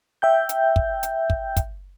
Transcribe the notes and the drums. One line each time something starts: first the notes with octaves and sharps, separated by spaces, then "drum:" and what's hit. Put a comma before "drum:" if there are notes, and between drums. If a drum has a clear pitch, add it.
E5 G5 G6
drum: hi-hat
drum: kick
drum: hi-hat
drum: kick
drum: kick, hi-hat